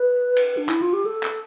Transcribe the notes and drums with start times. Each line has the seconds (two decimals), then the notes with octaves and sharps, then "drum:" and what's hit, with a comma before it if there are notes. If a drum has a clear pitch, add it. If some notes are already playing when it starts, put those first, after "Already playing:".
Already playing: B4
0.36 drum: cymbal
0.57 D4
0.69 E4, drum: clap
0.82 F4
0.93 G4
1.06 A4
1.23 drum: clap